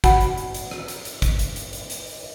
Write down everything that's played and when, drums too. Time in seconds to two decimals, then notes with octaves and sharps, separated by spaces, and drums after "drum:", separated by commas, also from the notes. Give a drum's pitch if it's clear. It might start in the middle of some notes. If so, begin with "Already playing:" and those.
0.04 F#4 F#5 G#5 B5, drum: kick, hi-hat
0.21 drum: hi-hat
0.38 drum: hi-hat
0.54 drum: hi-hat
0.71 drum: rim click
0.88 drum: hi-hat
1.05 drum: hi-hat
1.22 drum: kick, hi-hat
1.39 drum: hi-hat
1.56 drum: hi-hat
1.73 drum: hi-hat
1.90 drum: hi-hat
2.07 drum: open hi-hat